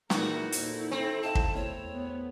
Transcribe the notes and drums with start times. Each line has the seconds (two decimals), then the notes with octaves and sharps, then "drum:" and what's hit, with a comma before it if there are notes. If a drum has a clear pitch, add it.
0.10 A#2 E3 F#3 G#3 D#4 F#4 A#4, drum: snare
0.52 A#2 E4 A4 C5, drum: hi-hat
0.91 C4
1.23 D#4 E5 F5 A5
1.35 drum: kick
1.55 E1 A3 E4 C#5
1.93 B3